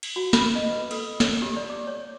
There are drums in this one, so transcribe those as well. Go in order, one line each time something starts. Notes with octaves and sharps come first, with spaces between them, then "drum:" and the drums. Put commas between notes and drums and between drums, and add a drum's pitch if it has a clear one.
drum: cymbal
F#4
B5, drum: snare
D#5
B4
A4, drum: cymbal
C#5, drum: snare
G4
D5
D6
C#5